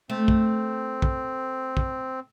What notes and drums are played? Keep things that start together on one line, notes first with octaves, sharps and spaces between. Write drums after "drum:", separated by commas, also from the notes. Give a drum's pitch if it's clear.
A3 C4
drum: kick
drum: kick
drum: kick